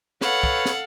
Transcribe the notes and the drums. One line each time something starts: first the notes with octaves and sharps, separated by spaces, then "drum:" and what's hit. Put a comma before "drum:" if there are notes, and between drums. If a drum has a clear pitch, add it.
A4 B4 C#5 F5 F#5, drum: snare
drum: kick
drum: snare